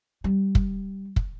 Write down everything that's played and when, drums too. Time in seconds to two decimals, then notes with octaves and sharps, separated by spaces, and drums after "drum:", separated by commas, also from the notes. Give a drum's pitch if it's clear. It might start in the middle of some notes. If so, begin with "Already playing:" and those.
0.24 G3
0.55 drum: kick
1.16 drum: kick